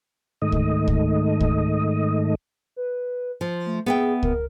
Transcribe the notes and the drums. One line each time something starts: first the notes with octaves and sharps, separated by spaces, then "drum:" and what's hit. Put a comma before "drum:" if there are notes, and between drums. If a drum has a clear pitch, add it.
G#2 D#3 A3 D#5
drum: kick C#2
drum: kick C#2
drum: kick C#2
B4
F3
A3
B3 G#4 E5 G5
A#4, drum: kick C#2